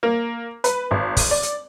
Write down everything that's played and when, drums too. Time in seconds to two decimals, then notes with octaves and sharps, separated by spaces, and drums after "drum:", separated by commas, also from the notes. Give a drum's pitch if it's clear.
0.03 A#3
0.64 B4, drum: hi-hat
0.91 G#1
1.17 drum: kick, open hi-hat
1.31 D5
1.43 drum: hi-hat